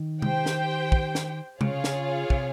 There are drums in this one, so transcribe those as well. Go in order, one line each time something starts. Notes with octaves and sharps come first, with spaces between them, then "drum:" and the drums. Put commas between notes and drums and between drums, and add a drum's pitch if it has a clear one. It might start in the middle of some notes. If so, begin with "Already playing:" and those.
Already playing: D#3
G4 C5 G5, drum: tom C3
drum: snare
drum: kick
drum: snare
C#3 F4 G#4 C#5 F5, drum: tom C3
drum: snare
C3, drum: kick